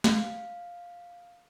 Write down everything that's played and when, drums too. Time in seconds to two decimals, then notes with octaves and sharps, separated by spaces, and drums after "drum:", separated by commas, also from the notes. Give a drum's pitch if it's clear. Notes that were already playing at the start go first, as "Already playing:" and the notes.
0.04 F5, drum: snare